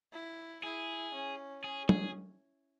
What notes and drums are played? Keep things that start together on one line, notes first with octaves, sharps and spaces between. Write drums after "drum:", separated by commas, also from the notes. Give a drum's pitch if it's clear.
E4
E4 G#4
C#4
C#4 G#4
G#4, drum: tom